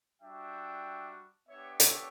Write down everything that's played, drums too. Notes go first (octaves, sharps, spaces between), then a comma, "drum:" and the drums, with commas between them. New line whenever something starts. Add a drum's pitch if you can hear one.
G3 D4 F#4 E5 G5
B3 D4 G4 C#5 E5
A4 C#5, drum: hi-hat